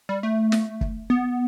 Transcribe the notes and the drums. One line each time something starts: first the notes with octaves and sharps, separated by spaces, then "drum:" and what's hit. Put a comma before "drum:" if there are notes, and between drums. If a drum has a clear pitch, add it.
G3
A3
drum: snare
drum: kick
B3